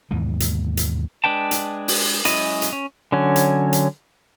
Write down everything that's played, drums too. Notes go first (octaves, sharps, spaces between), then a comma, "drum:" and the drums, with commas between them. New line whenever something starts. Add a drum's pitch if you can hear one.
D#2 G#2 B2 E3
drum: hi-hat
drum: hi-hat
G#3 D4 B4 G5 A5
drum: hi-hat
drum: open hi-hat
F#3 G#3 C#4 E4 D#5, drum: hi-hat
drum: hi-hat
C#4
D3 F#3 C#4
drum: hi-hat
drum: hi-hat